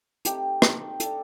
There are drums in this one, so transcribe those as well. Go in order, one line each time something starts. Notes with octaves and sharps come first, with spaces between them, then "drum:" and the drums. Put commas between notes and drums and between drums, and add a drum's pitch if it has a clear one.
A3 C4 D#4 G4, drum: hi-hat
A3 C4 D#4, drum: rim click
A3 D4 A4, drum: hi-hat